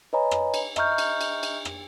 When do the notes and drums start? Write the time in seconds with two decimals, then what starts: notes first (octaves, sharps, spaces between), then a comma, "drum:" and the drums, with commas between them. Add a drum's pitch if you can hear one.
0.13 B4 C#5 D#5 G#5 A#5 B5
0.31 drum: rim click
0.54 drum: cymbal
0.76 D#5 E5 A#5 C#6 F6 G6, drum: rim click
0.98 drum: cymbal
1.21 drum: cymbal
1.43 drum: cymbal
1.65 drum: rim click